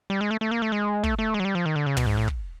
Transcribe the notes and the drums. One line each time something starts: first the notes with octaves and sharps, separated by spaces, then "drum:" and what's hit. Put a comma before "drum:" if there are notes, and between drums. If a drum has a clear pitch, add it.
G3
G#3
A3
A3
A#3
A3
G#3
A3, drum: kick
A3
G#3
F#3
G3
F3
D#3
D3
C#3
B2, drum: tom
G#2
A2
drum: kick